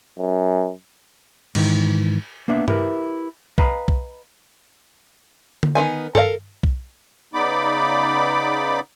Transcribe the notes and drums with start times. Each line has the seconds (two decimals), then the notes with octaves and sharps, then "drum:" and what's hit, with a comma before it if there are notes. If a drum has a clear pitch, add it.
0.18 F#2
1.55 G#2 D#3 E3, drum: cymbal
2.48 A#3 B3 D4 E5
2.68 E4 G4 A#4 B4, drum: tom G2
3.58 B4 D#5 F5 G#5 A#5 B5, drum: kick B1
3.88 drum: kick B1
5.63 drum: tom D3
5.75 D#3 F#3 B3 G#5
6.15 A4 A#4 D5 F5, drum: tom G2
6.63 drum: kick B1
7.34 C#3 B3 D#4 D5 B5 D6